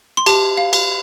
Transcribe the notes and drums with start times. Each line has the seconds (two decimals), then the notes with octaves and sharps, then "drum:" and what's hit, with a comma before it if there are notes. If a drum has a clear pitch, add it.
0.17 C6
0.26 G4 A5, drum: cymbal
0.57 F5
0.73 drum: cymbal